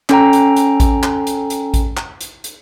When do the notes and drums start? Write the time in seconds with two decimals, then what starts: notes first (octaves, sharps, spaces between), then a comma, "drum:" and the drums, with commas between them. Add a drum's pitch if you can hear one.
0.09 C#4 A4 G5 A#5, drum: clap
0.33 drum: hi-hat
0.56 drum: hi-hat
0.80 drum: kick A1, hi-hat
1.03 drum: clap
1.27 drum: hi-hat
1.50 drum: hi-hat
1.74 drum: kick A1, hi-hat
1.97 drum: clap
2.21 drum: hi-hat
2.44 drum: hi-hat